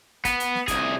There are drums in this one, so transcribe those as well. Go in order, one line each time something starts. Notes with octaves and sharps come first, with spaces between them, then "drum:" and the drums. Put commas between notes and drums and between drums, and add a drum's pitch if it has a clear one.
B3, drum: kick, hi-hat
drum: hi-hat
drum: snare
C2 G#4, drum: kick, hi-hat